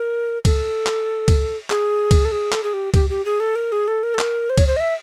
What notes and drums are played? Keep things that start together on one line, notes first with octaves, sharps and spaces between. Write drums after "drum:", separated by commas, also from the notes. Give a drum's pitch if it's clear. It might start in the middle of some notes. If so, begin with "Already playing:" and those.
Already playing: A#4
A4, drum: kick C#2, cymbal
drum: clap
drum: kick C#2, cymbal
G#4, drum: clap
drum: kick C#2, cymbal
A4
G#4
A4, drum: clap
G#4
G4
G4, drum: kick C#2, cymbal
G4
G#4
A4
A#4
G#4
A4
A#4
A4
A#4, drum: clap
C5
C#5, drum: kick C#2, cymbal
C5
D#5
E5